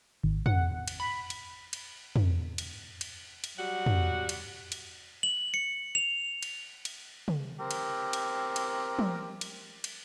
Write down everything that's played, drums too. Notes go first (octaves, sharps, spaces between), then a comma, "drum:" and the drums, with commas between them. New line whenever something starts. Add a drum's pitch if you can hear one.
G#1
F#5, drum: tom
drum: cymbal
B5
drum: cymbal
drum: cymbal
drum: tom
drum: cymbal
drum: cymbal
drum: cymbal
F#3 G3 F#4 F#5
drum: tom
drum: cymbal
drum: cymbal
F#7
C#7
F7
drum: cymbal
drum: cymbal
drum: tom
C4 G4 A#4
drum: cymbal
drum: cymbal
drum: cymbal
drum: tom
drum: cymbal
drum: cymbal